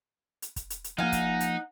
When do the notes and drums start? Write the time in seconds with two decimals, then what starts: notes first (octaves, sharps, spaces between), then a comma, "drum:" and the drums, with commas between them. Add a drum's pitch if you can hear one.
0.42 drum: hi-hat
0.56 drum: kick, hi-hat
0.70 drum: hi-hat
0.84 drum: hi-hat
0.98 F3 A#3 D#4 F5 F#5 G#5
1.12 drum: kick, hi-hat
1.40 drum: hi-hat